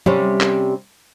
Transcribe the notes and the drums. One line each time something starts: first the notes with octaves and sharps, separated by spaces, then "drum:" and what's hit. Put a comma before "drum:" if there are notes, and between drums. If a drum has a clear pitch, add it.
C3 G3 C#4, drum: tom F#3
drum: clap